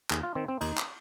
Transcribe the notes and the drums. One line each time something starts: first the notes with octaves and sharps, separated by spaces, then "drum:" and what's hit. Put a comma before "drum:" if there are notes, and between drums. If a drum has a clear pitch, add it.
D#2 G#4, drum: clap
F4
D#3 C4
C4
D#2 D#4, drum: cymbal
drum: clap